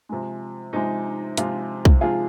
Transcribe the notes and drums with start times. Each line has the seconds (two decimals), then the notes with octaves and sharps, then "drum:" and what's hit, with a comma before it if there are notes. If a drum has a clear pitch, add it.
0.09 C3 F3 G#3
0.73 C3 F3 G#3 D#4
1.37 C3 F3 G#3 F4, drum: hi-hat
1.85 drum: kick B1
2.01 C3 F3 G#3 F4 G#4